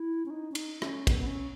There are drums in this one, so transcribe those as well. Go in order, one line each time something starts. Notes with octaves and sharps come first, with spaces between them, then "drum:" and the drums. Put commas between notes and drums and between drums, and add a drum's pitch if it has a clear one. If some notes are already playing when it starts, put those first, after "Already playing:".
Already playing: E4
C#4
D#4
C#4
D#4, drum: cymbal
C#4, drum: rim click
B3, drum: kick, cymbal
B3
C#4